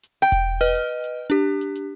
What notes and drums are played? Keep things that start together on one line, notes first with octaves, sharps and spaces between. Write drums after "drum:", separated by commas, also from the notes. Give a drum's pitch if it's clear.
drum: hi-hat
G5 G6
drum: kick E1, hi-hat
B4 D#5 F6, drum: hi-hat
drum: hi-hat
drum: hi-hat
D4 G4, drum: hi-hat
drum: hi-hat
drum: hi-hat